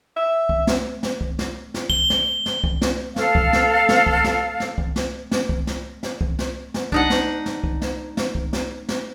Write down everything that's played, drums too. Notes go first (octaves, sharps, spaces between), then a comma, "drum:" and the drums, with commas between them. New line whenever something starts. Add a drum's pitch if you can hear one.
E5
drum: kick C2
drum: snare
drum: snare
drum: kick C2
drum: snare
drum: snare
G7, drum: kick C2
drum: snare
drum: snare
drum: kick C2
drum: snare
A4 F5, drum: snare
drum: kick C2
drum: snare
drum: snare
drum: kick C2
drum: snare
drum: snare
drum: kick C2
drum: snare
drum: snare
drum: kick C2
drum: snare
drum: snare
drum: kick C2
drum: snare
drum: snare
D4 D#4 F#5, drum: kick C2
drum: snare
drum: snare
drum: kick C2
drum: snare
drum: snare
drum: kick C2
drum: snare
drum: snare